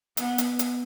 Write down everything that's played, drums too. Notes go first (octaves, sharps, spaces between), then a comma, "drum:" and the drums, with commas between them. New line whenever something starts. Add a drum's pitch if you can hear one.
B3, drum: hi-hat
drum: hi-hat
drum: hi-hat